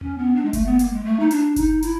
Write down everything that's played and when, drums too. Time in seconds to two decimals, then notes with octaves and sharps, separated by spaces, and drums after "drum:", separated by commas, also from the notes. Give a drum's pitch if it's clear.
0.01 C#4, drum: tom E2
0.18 B3
0.35 D4
0.45 G#3
0.53 A3, drum: kick F#1, hi-hat
0.66 B3
0.79 A#3, drum: hi-hat
0.92 G#3
1.04 A3
1.20 D#4
1.31 D4, drum: hi-hat
1.56 D#4, drum: kick F#1, hi-hat
1.82 E4, drum: hi-hat